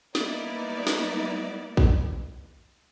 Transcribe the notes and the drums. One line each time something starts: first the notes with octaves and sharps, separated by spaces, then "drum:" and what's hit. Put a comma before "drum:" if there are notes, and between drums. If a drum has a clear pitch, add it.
G3 A#3 B3 D#4 E4 D5, drum: snare
drum: snare
drum: kick